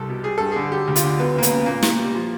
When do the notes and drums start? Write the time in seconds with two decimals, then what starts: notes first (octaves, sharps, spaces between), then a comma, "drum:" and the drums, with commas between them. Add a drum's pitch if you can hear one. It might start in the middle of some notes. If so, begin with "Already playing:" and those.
Already playing: C2 C3 G3 A4
0.09 B2
0.23 G3 G#4
0.38 G2 A4
0.52 D3 G#4
0.71 F#3 G4
0.88 D2
0.96 F4, drum: hi-hat
1.04 D3
1.20 F#3 B3
1.35 C#2 A#3
1.43 B3, drum: hi-hat
1.50 C#3
1.66 A#2 A#3
1.83 A#2, drum: snare
1.98 G3
2.15 F3